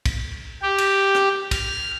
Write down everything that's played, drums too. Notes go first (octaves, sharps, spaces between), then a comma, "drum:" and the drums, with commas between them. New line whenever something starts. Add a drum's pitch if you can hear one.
drum: kick, cymbal
G4
drum: cymbal
drum: rim click
F6, drum: kick, cymbal